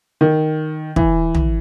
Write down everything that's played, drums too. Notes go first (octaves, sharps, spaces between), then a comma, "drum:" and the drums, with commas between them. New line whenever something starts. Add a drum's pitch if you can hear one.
D#3
E3, drum: kick
drum: tom